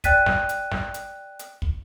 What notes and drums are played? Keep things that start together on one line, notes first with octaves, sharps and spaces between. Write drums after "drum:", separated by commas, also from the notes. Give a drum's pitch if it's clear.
D5 G5 F#6 A6 B6 D#7, drum: kick, hi-hat
drum: snare
drum: hi-hat
drum: snare
drum: hi-hat
drum: hi-hat
drum: kick